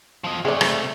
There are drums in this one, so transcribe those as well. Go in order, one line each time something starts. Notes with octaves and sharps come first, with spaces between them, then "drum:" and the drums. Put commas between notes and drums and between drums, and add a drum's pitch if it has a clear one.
F3 D#5
C3 A3 G#4 D5
drum: rim click